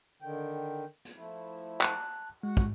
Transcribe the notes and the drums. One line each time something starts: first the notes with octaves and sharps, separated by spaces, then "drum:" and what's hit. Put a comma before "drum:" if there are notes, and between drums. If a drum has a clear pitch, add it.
D3 D#3 G5
drum: hi-hat
F3 A3 E4
A5 F#6, drum: clap
G#3 F#4 F#5
drum: kick